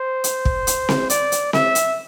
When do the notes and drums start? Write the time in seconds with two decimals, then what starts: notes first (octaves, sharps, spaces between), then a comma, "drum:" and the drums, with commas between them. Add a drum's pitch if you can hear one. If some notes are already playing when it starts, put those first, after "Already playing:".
Already playing: C5
0.24 drum: hi-hat
0.45 drum: kick
0.67 drum: hi-hat
0.89 drum: snare C4
1.10 D5, drum: hi-hat
1.32 drum: hi-hat
1.53 E5, drum: snare C4
1.75 drum: hi-hat